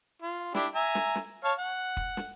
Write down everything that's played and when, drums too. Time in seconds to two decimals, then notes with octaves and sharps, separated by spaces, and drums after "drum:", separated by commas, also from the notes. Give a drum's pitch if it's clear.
0.22 F4
0.54 D4 E4 G4, drum: snare
0.75 E5 G#5 A#5
0.95 drum: snare
1.15 drum: snare
1.44 C#5 F5 A5
1.58 F#5
1.97 drum: kick
2.17 drum: snare